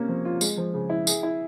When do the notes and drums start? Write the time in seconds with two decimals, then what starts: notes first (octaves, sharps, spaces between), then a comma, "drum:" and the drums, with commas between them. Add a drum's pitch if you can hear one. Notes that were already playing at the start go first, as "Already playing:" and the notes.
Already playing: C3 A#3 C#4
0.09 F3
0.25 F4
0.41 G#3, drum: tambourine
0.57 F3
0.74 C#3
0.90 E4
1.07 G#4, drum: tambourine
1.23 E4